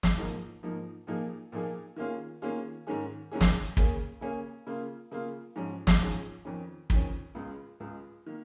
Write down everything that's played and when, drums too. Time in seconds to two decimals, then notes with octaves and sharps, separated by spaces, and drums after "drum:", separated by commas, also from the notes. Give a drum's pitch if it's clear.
0.03 drum: snare
0.18 G#2 F3 A#3 D#4
0.63 G#2 F3 A#3 D#4
1.07 A#2 F3 A#3 D#4 G#4
1.52 A#2 F3 A#3 D#4 G#4
1.96 D#3 A#3 C#4 F4 G#4
2.42 D#3 A#3 C#4 F4 G#4
2.87 G#2 D#3 C#4 G#4
3.32 G#2 D#3 C#4 G#4
3.41 drum: snare
3.77 C#3 A#3 C#4 G#4, drum: kick
4.21 C#3 A#3 C#4 G#4
4.67 C#3 A#3 F4
5.12 C#3 A#3 F4
5.56 G#2 F3 C#4 G#4
5.87 drum: snare
6.01 G#2 F3 C#4 G#4
6.45 F2 D#3 C#4
6.90 F2 D#3 C#4, drum: kick
7.35 C#2 C#3 G#3
7.80 C#2 C#3 G#3
8.26 D#3 A#3